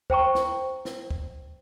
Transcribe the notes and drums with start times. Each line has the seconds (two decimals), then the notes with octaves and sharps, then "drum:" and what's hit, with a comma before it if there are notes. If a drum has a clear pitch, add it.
0.10 C5 G5 A#5 C#6, drum: kick
0.35 drum: snare
0.85 drum: snare
1.11 drum: kick